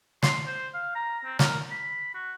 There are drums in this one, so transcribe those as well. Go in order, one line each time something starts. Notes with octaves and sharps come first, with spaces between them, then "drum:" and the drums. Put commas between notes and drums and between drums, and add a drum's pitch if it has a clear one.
C6, drum: snare
C5
F5
A#5
C4
A#4, drum: snare
B5
F#4